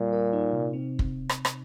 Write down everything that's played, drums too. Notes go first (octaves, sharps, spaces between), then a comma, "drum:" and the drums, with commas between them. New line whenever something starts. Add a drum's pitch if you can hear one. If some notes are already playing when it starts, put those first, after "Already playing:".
Already playing: A#2 G3
A#4
D#4
C3
C4
drum: kick
drum: rim click
drum: rim click